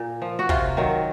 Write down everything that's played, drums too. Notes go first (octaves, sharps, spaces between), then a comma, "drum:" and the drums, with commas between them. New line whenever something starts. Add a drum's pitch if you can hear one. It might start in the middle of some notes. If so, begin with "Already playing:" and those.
Already playing: A#2 A#4
F3
F#4
C3 F4, drum: kick
D#3 F#3